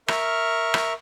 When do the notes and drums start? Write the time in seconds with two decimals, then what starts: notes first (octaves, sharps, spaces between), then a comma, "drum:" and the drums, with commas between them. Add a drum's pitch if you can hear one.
0.08 A#4 E5 C#6 F6, drum: rim click
0.74 drum: rim click